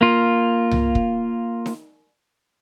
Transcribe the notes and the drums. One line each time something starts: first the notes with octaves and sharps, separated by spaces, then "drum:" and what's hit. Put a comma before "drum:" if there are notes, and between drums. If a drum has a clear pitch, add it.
A#3 F4
drum: tom C2
drum: kick
drum: snare D#4